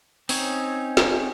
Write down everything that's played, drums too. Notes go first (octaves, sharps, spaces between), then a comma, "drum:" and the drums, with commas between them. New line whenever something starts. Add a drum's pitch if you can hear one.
C4 C#4 D#4 C#5, drum: open hi-hat
drum: snare